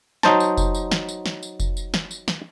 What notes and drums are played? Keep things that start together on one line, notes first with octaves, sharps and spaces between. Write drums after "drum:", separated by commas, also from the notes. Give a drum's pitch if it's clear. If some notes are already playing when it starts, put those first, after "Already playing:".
F#3 D#4 C5 A5, drum: snare
drum: tambourine
drum: kick F1, tambourine
drum: tambourine
drum: snare
drum: tambourine
drum: snare
drum: tambourine
drum: kick F1, tambourine
drum: tambourine
drum: snare
drum: tambourine
drum: snare